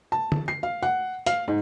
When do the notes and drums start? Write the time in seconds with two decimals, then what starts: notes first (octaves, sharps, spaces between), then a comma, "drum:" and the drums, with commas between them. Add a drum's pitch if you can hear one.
0.12 A5
0.32 drum: tom
0.48 C7
0.63 F5
0.83 F#5
1.26 F5, drum: hi-hat
1.48 G#2